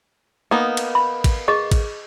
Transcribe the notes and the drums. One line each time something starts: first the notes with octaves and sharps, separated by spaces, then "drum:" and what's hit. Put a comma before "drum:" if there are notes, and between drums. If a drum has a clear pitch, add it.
A#3 B3 D#4
drum: cymbal
B5
drum: kick, cymbal
G#4 D#5 C#6
drum: kick, cymbal